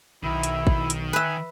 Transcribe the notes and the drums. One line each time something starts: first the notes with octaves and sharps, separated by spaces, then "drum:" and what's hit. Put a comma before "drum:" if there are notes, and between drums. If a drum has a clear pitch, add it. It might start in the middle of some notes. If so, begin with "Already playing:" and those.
B1 D#3 E4
drum: hi-hat
drum: kick A1
drum: hi-hat
B4 E5 G#5